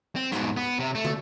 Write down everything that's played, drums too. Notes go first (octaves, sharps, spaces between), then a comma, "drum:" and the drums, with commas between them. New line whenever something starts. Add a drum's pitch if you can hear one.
C4
G#2 B2, drum: rim click
B3
C3
A3
drum: tom